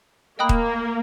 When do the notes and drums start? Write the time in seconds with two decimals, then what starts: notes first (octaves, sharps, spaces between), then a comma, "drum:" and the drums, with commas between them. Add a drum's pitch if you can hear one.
0.39 A#3 D#5 G5 B5 D#6 F#6
0.49 drum: kick D#1